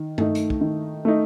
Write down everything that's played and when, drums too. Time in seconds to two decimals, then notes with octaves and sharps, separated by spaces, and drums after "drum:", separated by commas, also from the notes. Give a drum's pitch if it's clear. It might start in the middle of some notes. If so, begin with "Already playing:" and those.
Already playing: D#3
0.18 A3 D#4, drum: tom G2
0.35 drum: hi-hat
0.50 drum: kick
0.61 D#3
1.05 A3 D#4